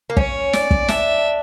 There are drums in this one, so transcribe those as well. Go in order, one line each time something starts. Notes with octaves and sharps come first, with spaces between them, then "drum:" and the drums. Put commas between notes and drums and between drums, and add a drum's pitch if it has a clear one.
A#3
C#4 C#5, drum: kick
D5, drum: snare
drum: kick
D4 E5, drum: snare